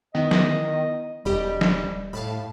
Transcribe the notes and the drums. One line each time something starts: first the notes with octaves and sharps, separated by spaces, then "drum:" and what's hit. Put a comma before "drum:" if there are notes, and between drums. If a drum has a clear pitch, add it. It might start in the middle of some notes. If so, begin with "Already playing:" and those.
D#3 B3 E4 D#5
drum: snare
E1 G3 G4 D#5 B5
drum: snare
A2 F5 A5 B5